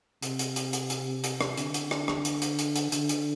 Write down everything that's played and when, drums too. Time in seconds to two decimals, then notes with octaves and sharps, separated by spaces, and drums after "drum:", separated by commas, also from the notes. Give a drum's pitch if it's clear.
0.22 C3, drum: hi-hat
0.39 drum: hi-hat
0.56 drum: hi-hat
0.73 drum: hi-hat
0.90 drum: hi-hat
1.24 drum: hi-hat
1.41 drum: rim click
1.58 D3, drum: hi-hat
1.74 drum: hi-hat
1.91 drum: rim click
2.08 drum: rim click
2.25 drum: hi-hat
2.42 drum: hi-hat
2.59 drum: hi-hat
2.76 drum: hi-hat
2.92 D3, drum: hi-hat
3.09 drum: hi-hat